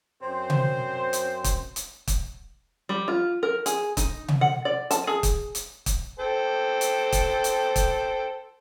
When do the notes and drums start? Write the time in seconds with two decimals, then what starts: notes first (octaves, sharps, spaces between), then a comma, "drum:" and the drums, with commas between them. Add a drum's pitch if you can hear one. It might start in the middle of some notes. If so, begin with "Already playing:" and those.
0.22 F#2 C4 C5
0.50 drum: tom C3
1.13 drum: hi-hat
1.44 drum: kick, hi-hat
1.76 drum: hi-hat
2.08 drum: kick, hi-hat
2.89 G3
3.08 F4
3.43 A#4
3.66 G#4, drum: hi-hat
3.97 D#4, drum: kick, hi-hat
4.28 drum: tom C3
4.41 F#5
4.65 D5
4.91 A5, drum: hi-hat
5.07 G#4
5.23 drum: kick, hi-hat
5.55 drum: hi-hat
5.86 drum: kick, hi-hat
6.19 A4 C5 G5
6.81 drum: hi-hat
7.12 drum: kick, hi-hat
7.44 drum: hi-hat
7.76 drum: kick, hi-hat